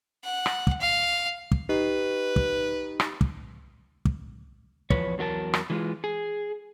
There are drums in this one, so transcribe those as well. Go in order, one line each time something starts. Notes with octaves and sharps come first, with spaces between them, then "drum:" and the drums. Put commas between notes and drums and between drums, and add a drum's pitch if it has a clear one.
F#5
drum: rim click
drum: kick
F5
drum: kick
D#4 G4 B4
drum: kick
drum: rim click
drum: kick
drum: kick
E2 F3 B4 C#5, drum: kick
E2 F#3 F4 A#4 A5
drum: rim click
E3 G#3 F4
G#4